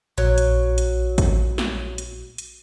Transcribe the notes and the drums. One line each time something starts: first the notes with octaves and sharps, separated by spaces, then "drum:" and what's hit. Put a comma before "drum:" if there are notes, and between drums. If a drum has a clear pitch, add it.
A#1 F#3
drum: hi-hat
drum: hi-hat
drum: kick A1, hi-hat
drum: snare
drum: hi-hat
drum: hi-hat